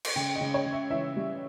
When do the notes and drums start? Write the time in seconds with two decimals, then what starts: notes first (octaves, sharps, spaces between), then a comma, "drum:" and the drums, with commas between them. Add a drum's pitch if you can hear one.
0.05 drum: cymbal
0.16 C#3 G5
0.35 D#5
0.41 C#3
0.54 C#5
0.66 C#3
0.73 E5
0.90 E3 E5
1.17 G3